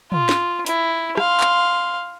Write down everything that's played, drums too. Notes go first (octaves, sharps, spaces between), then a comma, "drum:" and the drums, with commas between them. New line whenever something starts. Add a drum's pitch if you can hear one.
F4, drum: tom
drum: snare
E4, drum: hi-hat
F5 C6, drum: rim click
drum: clap